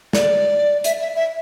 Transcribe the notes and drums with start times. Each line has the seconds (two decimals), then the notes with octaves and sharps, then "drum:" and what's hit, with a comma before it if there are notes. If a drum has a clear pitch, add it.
0.13 D5, drum: snare
0.84 E5, drum: hi-hat
1.00 E5
1.16 E5